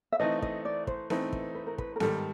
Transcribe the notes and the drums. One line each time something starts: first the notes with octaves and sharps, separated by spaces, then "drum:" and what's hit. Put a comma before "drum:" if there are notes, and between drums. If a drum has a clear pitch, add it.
E5
E3 A3 C4 D#4 D#5
D#5, drum: kick
D5
C5, drum: kick
E3 A3 C4 D#4 B4, drum: snare B3
drum: kick
B4
A#4
B4, drum: kick
A#4
G#2 D#3 G3 A4, drum: snare B3